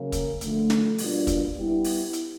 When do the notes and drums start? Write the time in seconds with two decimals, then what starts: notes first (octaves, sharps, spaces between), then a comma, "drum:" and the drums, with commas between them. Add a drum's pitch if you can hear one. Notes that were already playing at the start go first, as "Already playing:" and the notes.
Already playing: C#3 F#3 A#3
0.12 drum: kick, hi-hat
0.41 D3 F3 A3, drum: hi-hat
0.70 drum: snare
0.98 B2 G3 A#3 D4 F4, drum: open hi-hat
1.27 drum: kick, hi-hat
1.56 G3 B3 E4
1.84 drum: open hi-hat
2.13 drum: hi-hat